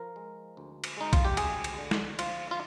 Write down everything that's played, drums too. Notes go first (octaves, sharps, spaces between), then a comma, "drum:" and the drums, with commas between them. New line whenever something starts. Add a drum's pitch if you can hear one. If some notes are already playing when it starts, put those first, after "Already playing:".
Already playing: F3 A#4
G#3
D2
drum: cymbal
G#3 D#4
F4, drum: kick B1, cymbal
G4
D2 G#4, drum: cymbal
drum: cymbal
D3
drum: snare
F3 F4, drum: cymbal
F4